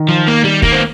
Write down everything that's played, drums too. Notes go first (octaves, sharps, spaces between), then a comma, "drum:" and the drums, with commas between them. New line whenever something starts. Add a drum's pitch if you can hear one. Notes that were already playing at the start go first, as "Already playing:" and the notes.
Already playing: D#3
F3
A#3
G3
A#3, drum: kick
C4